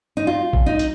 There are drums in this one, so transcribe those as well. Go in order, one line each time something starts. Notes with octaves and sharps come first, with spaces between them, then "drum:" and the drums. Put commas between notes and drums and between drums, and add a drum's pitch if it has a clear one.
D#4
F4
drum: kick A1
D#4
drum: hi-hat